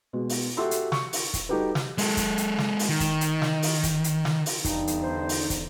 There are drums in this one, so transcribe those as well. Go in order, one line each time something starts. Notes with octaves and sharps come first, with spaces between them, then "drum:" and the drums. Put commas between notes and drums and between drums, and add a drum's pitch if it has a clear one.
B2 G#3
drum: open hi-hat
F#4 G4 A4 E5 C6 E6
drum: hi-hat
C#6, drum: snare
drum: open hi-hat
drum: kick, hi-hat
G3 D#4 F#4 G4 A4 B4
drum: snare
G#3 A4, drum: open hi-hat
drum: kick, hi-hat
drum: hi-hat
drum: snare
drum: open hi-hat
D#3
drum: kick, hi-hat
drum: hi-hat
drum: snare
drum: open hi-hat
drum: kick, hi-hat
drum: hi-hat
drum: snare
drum: open hi-hat
E2 G2 D3 D#4, drum: kick, hi-hat
drum: hi-hat
C5
drum: open hi-hat
drum: kick, hi-hat